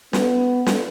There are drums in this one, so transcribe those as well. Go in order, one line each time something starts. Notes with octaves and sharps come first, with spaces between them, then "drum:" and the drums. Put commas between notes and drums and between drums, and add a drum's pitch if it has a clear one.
B3, drum: snare
drum: snare